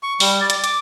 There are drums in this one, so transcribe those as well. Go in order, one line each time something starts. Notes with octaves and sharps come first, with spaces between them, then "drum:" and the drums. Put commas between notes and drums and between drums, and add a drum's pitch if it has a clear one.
C#6
G3, drum: open hi-hat
D5
drum: hi-hat
D6, drum: hi-hat